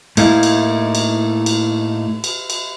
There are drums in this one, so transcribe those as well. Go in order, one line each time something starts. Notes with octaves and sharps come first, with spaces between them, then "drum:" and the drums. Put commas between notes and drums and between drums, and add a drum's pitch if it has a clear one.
A2 A3 A#3 D#4 E4 F5, drum: cymbal
drum: cymbal
drum: cymbal
drum: cymbal
drum: cymbal
drum: cymbal